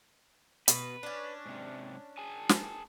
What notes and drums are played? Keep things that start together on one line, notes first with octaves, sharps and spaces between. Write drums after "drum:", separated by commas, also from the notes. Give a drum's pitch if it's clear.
B2 B4, drum: hi-hat
C#4 D4
G#2 C3
G#4 G#5 A5
drum: snare